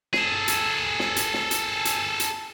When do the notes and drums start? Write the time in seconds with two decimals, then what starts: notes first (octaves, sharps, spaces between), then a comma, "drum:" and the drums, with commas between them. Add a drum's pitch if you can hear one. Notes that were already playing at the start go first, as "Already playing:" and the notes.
0.13 G#4 A4, drum: snare
0.48 drum: hi-hat
0.99 drum: snare
1.17 drum: hi-hat
1.34 drum: snare
1.51 drum: hi-hat
1.85 drum: hi-hat
2.20 drum: hi-hat